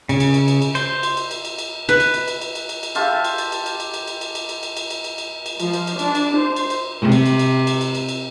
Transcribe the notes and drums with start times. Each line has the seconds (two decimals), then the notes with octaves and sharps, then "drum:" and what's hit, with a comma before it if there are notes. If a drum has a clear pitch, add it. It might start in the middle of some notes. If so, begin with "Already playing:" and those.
0.09 C#3, drum: cymbal
0.20 drum: cymbal
0.34 drum: cymbal
0.48 drum: cymbal
0.62 drum: cymbal
0.75 C5, drum: cymbal
1.03 drum: cymbal
1.17 drum: cymbal
1.31 drum: cymbal
1.45 drum: cymbal
1.58 drum: cymbal
1.89 B4, drum: cymbal
2.00 drum: cymbal
2.14 drum: cymbal
2.28 drum: cymbal
2.41 drum: cymbal
2.55 drum: cymbal
2.69 drum: cymbal
2.83 drum: cymbal
2.95 F4 G4 A4, drum: cymbal
3.24 drum: cymbal
3.38 drum: cymbal
3.52 drum: cymbal
3.66 drum: cymbal
3.80 drum: cymbal
3.94 drum: cymbal
4.07 drum: cymbal
4.21 drum: cymbal
4.35 drum: cymbal
4.49 drum: cymbal
4.63 drum: cymbal
4.77 drum: cymbal
4.90 drum: cymbal
5.04 drum: cymbal
5.18 drum: cymbal
5.46 drum: cymbal
5.60 F3, drum: cymbal
5.73 drum: cymbal
5.87 drum: cymbal
5.99 D4, drum: cymbal
6.15 drum: cymbal
6.37 C5
6.56 drum: cymbal
6.70 drum: cymbal
7.01 C3
7.12 drum: cymbal
7.26 drum: cymbal
7.39 drum: cymbal
7.67 drum: cymbal
7.81 drum: cymbal
7.95 drum: cymbal
8.09 drum: cymbal